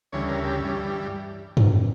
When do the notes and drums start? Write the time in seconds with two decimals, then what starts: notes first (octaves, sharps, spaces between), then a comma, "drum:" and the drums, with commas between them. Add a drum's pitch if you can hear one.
0.12 D2 C#3 E3 G3 C#5
0.28 A#4
0.45 G4
0.60 G2 E3 G3 C#4
1.57 drum: tom F#2